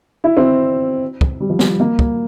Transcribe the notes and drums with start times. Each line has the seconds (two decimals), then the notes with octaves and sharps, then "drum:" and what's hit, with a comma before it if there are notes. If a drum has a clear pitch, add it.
0.24 E4
0.37 C4
1.21 drum: kick
1.40 G3
1.50 F3
1.59 G3, drum: snare
1.80 A#3
1.99 drum: kick